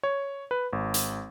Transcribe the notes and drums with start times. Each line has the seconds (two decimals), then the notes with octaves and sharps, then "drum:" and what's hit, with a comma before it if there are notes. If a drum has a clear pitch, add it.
0.03 C#5
0.51 B4
0.73 G#1
0.94 drum: hi-hat